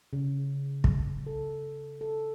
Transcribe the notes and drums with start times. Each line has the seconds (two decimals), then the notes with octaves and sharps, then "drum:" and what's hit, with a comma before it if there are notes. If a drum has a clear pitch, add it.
0.13 C#3
0.84 drum: kick
1.27 A4
2.01 A4